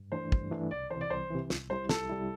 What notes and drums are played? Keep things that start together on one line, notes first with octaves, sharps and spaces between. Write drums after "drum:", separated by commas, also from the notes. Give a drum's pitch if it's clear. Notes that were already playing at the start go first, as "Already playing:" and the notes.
Already playing: G2
E3 A3 D4 C5
G2, drum: kick
E3 A3 D4
C2 D5
E3 C5
C3
D5
C2 C5
C3 E3
C2, drum: snare
C3 G3 E4 C5
C2 A4, drum: snare
C3 G3 E4